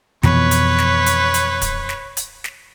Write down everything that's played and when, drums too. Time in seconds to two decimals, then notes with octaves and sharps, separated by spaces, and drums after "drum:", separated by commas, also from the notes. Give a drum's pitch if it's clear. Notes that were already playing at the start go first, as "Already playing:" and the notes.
0.23 F2 B2 E3 B4 C#5, drum: snare
0.51 drum: hi-hat
0.79 drum: snare
1.06 drum: hi-hat
1.34 drum: hi-hat
1.61 drum: kick D1, hi-hat
1.89 drum: snare
2.17 drum: hi-hat
2.44 drum: snare